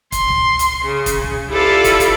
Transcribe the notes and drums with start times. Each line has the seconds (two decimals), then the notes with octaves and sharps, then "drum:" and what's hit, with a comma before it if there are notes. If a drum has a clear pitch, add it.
0.12 C6, drum: kick, hi-hat
0.28 drum: tom C2
0.59 drum: hi-hat
0.84 C#3
1.06 drum: kick, hi-hat
1.22 drum: tom C2
1.50 E4 F4 G4 A4 B4 D5
1.84 drum: kick, hi-hat
2.00 drum: kick, hi-hat